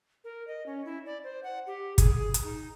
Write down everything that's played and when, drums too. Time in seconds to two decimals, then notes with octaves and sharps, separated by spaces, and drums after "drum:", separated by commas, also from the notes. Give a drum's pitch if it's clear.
0.24 A#4
0.47 D#5
0.66 C#4
0.85 E4
1.06 D5
1.24 C5
1.44 F#5
1.67 G4
1.98 G#4, drum: kick, hi-hat
2.15 G#4
2.34 drum: hi-hat
2.43 D#4